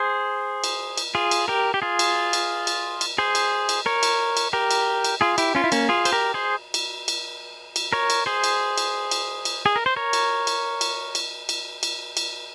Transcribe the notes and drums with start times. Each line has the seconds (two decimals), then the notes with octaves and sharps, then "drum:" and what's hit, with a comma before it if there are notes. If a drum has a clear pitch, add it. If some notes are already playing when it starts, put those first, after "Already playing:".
Already playing: G#4 C5
0.64 drum: cymbal
0.98 drum: cymbal
1.15 F4 G#4
1.31 drum: cymbal
1.48 G4 A#4
1.74 G4
1.82 F4 G#4
1.99 drum: cymbal
2.33 drum: cymbal
2.67 drum: cymbal
3.01 drum: cymbal
3.18 G#4 C5
3.35 drum: cymbal
3.69 drum: cymbal
3.86 A#4 C#5
4.03 drum: cymbal
4.37 drum: cymbal
4.53 G4 A#4
4.71 drum: cymbal
5.04 drum: cymbal
5.21 F4 G#4
5.38 E4 G4, drum: cymbal
5.55 C#4 F4
5.64 E4
5.72 A#3 C#4, drum: cymbal
5.89 F4 G#4
6.05 C5, drum: cymbal
6.12 G4 A#4
6.34 G#4 C5
6.74 drum: cymbal
7.08 drum: cymbal
7.76 drum: cymbal
7.93 A#4 C#5
8.10 drum: cymbal
8.26 G#4 C5
8.44 drum: cymbal
8.78 drum: cymbal
9.11 drum: cymbal
9.45 drum: cymbal
9.66 G#4
9.76 A#4
9.86 C5
9.96 A#4 C#5
10.13 drum: cymbal
10.47 drum: cymbal
10.81 drum: cymbal
11.15 drum: cymbal
11.49 drum: cymbal
11.83 drum: cymbal
12.17 drum: cymbal